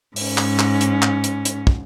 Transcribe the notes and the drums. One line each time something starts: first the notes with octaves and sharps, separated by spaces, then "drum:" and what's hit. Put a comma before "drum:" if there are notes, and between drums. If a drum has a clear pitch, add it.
G#2 C#4, drum: open hi-hat
drum: clap
drum: clap
drum: hi-hat
drum: clap
drum: hi-hat
drum: hi-hat
drum: kick